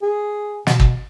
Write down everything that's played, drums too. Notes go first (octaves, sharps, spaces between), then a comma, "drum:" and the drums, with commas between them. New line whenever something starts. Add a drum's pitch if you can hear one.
G#4
B2, drum: snare
drum: kick